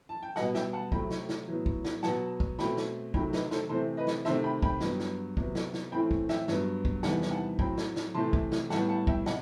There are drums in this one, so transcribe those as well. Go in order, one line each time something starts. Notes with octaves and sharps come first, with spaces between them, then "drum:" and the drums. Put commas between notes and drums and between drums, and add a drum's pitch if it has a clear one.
A5
G5
B2 G3 B3 D#5 F#5, drum: snare
E5 G5, drum: snare
F#5 A5
C3 F#3 A3 C4 G5 B5, drum: kick
drum: snare
drum: snare
A2 F#3 B3
drum: kick
drum: snare
B2 F#3 B3 F#5 A5, drum: snare
drum: kick
B2 A3 C4 G5 B5, drum: snare
drum: snare
C3 D#3 F#3 A3 G5 B5, drum: kick
B4 D#5, drum: snare
A4 C5, drum: snare
C3 E3 A3 C4 A4 C5
B4 D#5
drum: snare
C3 D#3 A3 C4 C5 E5, drum: snare
G5 B5
G5 B5, drum: kick
G2 F#3 B3, drum: snare
drum: snare
C3 F#3 B3, drum: kick
drum: snare
drum: snare
A2 E3 A3 C4 G5 B5
drum: kick
E5 G5, drum: snare
G2 F#3 B3, drum: snare
drum: kick
E2 C3 D#3 G3 B3 F#5 A5, drum: snare
drum: snare
F#5 A5
A2 F#3 C4 G5 B5, drum: kick
drum: snare
drum: snare
C3 E3 A3 C4 A5 C6
drum: kick
drum: snare
A2 G3 B3 F#5 A5, drum: snare
F#5 A5
E5 G5, drum: kick
C3 D#5 F#5, drum: snare